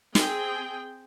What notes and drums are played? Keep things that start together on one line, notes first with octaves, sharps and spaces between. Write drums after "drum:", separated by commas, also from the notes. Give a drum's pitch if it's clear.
C4 G#4 G5, drum: snare